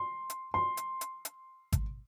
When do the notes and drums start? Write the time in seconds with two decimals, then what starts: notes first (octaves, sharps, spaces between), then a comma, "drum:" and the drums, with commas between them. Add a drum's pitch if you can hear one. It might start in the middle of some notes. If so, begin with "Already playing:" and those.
Already playing: C6
0.30 drum: hi-hat
0.54 C6
0.77 drum: hi-hat
1.01 drum: hi-hat
1.25 drum: hi-hat
1.72 drum: kick G#1, hi-hat